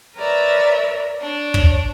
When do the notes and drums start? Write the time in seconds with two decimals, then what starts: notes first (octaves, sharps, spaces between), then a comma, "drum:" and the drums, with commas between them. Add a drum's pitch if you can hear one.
0.15 A#4 B4 C#5 D5 E5 A#5
1.20 D4 C#5
1.54 drum: kick